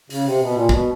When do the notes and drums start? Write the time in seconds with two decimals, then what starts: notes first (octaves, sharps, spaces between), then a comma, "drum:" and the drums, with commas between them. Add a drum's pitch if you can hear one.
0.10 C#3, drum: open hi-hat
0.25 C3
0.40 B2
0.54 A#2
0.69 B2, drum: kick